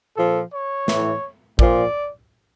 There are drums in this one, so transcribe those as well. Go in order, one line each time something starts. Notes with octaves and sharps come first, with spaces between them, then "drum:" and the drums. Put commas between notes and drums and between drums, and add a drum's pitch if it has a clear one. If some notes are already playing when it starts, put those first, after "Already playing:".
A#2 F3 A4
C#5
A2 E3, drum: snare
A#2 F3 D5, drum: kick A1